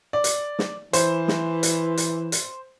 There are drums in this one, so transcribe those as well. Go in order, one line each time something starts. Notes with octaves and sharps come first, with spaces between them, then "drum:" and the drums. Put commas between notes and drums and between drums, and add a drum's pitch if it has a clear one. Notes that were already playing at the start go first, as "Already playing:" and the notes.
D5
drum: hi-hat
drum: snare
E3 C5, drum: hi-hat
drum: snare
drum: hi-hat
drum: hi-hat
drum: hi-hat